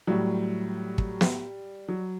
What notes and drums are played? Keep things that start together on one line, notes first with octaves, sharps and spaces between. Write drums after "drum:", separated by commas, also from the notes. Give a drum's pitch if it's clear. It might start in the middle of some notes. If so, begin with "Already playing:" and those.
A2 F#3 G3
drum: kick
drum: snare
F#3